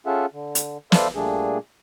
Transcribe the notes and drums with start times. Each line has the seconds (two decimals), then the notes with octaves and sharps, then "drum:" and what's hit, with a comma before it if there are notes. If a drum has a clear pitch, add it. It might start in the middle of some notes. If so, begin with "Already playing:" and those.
0.07 C#4 F4 G#4 A4 E5 F#5
0.33 D3
0.55 drum: hi-hat
0.92 A4 B4 C5 D5 E5 F5, drum: snare
1.15 A#2 G3 A3 D4 G#4